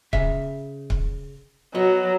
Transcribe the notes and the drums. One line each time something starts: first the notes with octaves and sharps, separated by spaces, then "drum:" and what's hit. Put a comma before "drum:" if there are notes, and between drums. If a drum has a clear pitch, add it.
C#3 E5, drum: kick C#1
drum: kick C#1
F#3 B3 F#4 D#5